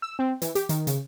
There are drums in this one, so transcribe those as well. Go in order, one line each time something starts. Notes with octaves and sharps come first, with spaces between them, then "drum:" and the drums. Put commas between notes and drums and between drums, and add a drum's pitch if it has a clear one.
E6
C4
E3, drum: hi-hat
G4, drum: hi-hat
D#3, drum: hi-hat
C#3, drum: hi-hat